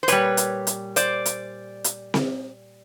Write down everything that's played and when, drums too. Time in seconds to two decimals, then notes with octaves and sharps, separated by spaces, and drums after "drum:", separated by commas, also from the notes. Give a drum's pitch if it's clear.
0.03 C5
0.08 A#2 G3 B4 C#5, drum: hi-hat
0.37 drum: hi-hat
0.67 drum: hi-hat
0.96 C5 D5, drum: hi-hat
1.26 drum: hi-hat
1.84 drum: hi-hat
2.14 drum: snare C4